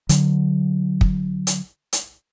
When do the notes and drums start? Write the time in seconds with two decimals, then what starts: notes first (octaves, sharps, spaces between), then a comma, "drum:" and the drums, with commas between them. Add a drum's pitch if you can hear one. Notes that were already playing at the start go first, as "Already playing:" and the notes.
0.09 D3 F#3, drum: hi-hat
1.01 drum: kick
1.47 drum: hi-hat
1.93 drum: hi-hat